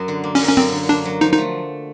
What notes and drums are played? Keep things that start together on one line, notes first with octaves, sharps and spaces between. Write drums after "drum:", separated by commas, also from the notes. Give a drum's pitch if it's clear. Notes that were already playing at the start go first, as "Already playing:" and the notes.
Already playing: F#2 F#3
D3
A#3
C#4, drum: open hi-hat
F#3
C#4
F#2 C4
D3
A#3 D4
F#3
F3 D#4
D#4
A3